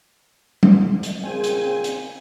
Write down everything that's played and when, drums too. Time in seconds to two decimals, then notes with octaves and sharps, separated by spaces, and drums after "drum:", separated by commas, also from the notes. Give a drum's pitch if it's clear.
0.63 drum: tom G3
1.03 drum: hi-hat
1.23 A#2 C#3 C4 G#4 G#5
1.44 drum: hi-hat
1.84 drum: hi-hat